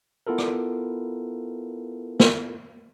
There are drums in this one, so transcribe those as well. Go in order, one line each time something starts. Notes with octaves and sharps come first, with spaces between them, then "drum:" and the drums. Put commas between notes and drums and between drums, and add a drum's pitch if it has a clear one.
B3 E4 F4 A4 A#4
drum: rim click
drum: snare